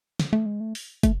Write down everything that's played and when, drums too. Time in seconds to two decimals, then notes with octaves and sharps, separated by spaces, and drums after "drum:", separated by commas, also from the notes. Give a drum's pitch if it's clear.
0.20 drum: snare
0.33 A3
0.46 G#3
0.60 A3
0.75 drum: open hi-hat
1.03 A3, drum: kick, hi-hat